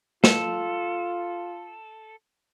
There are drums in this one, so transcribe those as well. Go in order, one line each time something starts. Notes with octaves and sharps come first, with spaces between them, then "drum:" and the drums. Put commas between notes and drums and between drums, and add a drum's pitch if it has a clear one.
F4 A4, drum: snare